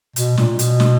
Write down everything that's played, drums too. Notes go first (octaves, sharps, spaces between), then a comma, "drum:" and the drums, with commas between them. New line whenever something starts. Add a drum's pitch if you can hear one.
B2, drum: hi-hat
A#2, drum: snare
B2, drum: hi-hat
drum: snare